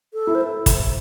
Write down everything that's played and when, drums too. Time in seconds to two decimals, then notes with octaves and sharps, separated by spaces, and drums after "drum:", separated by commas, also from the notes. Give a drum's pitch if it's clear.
0.14 A4
0.27 E4
0.35 C5
0.66 drum: kick, hi-hat